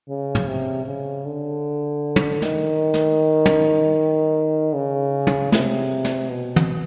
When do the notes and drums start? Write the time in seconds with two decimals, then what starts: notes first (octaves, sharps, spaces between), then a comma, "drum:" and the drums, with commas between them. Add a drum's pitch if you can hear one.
0.09 C#3
0.35 drum: tom
0.48 C3
0.86 C#3
1.25 D3
2.16 drum: tom
2.42 D#3, drum: snare
2.94 drum: snare
3.46 drum: tom
4.74 C#3
5.27 drum: tom
5.52 C3, drum: snare
6.05 drum: snare
6.30 B2
6.56 drum: tom